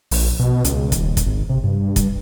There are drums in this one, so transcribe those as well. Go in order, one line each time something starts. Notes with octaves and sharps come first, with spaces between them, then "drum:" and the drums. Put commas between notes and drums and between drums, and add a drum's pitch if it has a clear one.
A#1, drum: open hi-hat
B2
C#2, drum: hi-hat
D#1, drum: kick, hi-hat
drum: kick, hi-hat
G#1
C3
G2
drum: kick, hi-hat